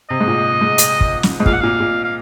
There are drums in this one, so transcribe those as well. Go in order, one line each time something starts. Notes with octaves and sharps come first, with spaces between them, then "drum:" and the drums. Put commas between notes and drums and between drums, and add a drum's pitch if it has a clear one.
C3 D#5
G#2
A#2
G#2
drum: hi-hat
drum: kick
drum: snare
G#2
A#2 F5, drum: kick
F#5
A#2 F5
A#2
F5